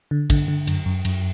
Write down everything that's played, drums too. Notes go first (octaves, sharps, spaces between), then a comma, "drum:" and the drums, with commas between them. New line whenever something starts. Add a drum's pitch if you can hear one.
D3
D3, drum: kick, cymbal
D3
F#2, drum: cymbal
F#2
F#2, drum: cymbal